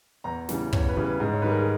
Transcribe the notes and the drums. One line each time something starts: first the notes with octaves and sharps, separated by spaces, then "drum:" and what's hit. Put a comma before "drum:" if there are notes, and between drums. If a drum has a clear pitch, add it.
E2 A#5
C#3 E3 G3, drum: snare
E2 C#5, drum: kick
B4
C#3 E3 G3
B4
G#2 G#4
C#5
D#3 G3 B4
A#4
G#4